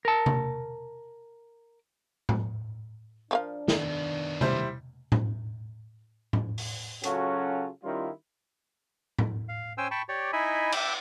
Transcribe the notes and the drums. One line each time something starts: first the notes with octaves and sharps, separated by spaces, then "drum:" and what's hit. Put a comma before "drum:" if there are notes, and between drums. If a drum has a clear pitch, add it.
A#4 A5
drum: tom C3
drum: tom A2
F3 D4 A#4 F5
D#3 B3, drum: snare
G3 E4 C5, drum: tom C3
drum: tom A2
drum: tom A2
drum: open hi-hat
C#3 F#3 C#4 F4 F#4 A4, drum: hi-hat
D#3 G3 C#4 E4 F4
drum: tom A2
F5
C#4 C5 G5 G#5 E6
G5 A5 B5 C#6
G4 C#5 D5
D#4 E4 D#5 E5 G#5 B5
E5 G5 D6 E6, drum: cymbal